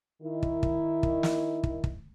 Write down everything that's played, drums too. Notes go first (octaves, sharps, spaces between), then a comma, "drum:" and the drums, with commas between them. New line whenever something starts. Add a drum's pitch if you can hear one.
D#3 E4
drum: kick
drum: kick
drum: kick
drum: snare
drum: kick
drum: kick